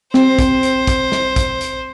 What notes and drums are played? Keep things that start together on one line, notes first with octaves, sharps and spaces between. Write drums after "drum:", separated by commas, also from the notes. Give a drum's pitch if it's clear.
C4 C5, drum: snare
drum: kick, hi-hat
drum: hi-hat
drum: kick, hi-hat
drum: snare
drum: kick, hi-hat
drum: hi-hat